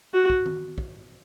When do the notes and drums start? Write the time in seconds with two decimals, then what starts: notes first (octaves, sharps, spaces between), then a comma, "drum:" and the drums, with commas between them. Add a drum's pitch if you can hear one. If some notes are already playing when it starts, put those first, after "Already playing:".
0.14 F#4
0.30 drum: kick
0.46 drum: tom D#3
0.78 drum: kick